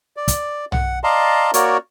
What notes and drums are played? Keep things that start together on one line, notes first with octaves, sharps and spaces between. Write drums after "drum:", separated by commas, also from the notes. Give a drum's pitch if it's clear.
D5
drum: kick, hi-hat
F#5, drum: tom
D5 D#5 F5 A5 A#5 C6
A#3 F#4 A#4 C#5 D5, drum: hi-hat